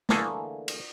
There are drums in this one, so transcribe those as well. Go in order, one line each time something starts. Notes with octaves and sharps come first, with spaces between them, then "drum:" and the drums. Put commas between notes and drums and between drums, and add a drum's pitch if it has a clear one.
D3 E3 A3 A#3 G#4 A4, drum: snare
drum: cymbal